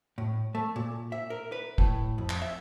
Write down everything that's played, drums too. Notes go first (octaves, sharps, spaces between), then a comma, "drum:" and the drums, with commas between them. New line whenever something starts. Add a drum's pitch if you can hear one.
A2
A3
A#2
E5
A#4
B4
A2, drum: kick
F2
drum: clap
E5